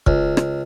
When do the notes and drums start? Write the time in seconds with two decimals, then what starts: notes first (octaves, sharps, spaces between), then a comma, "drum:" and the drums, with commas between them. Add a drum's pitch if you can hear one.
0.07 C#2, drum: kick
0.37 drum: rim click